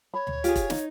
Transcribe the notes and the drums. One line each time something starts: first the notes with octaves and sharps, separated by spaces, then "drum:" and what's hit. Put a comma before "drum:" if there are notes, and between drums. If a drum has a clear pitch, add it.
C#5 B5
drum: tom D2
F4 G4 G#4, drum: hi-hat
drum: kick E1, hi-hat
D#4, drum: snare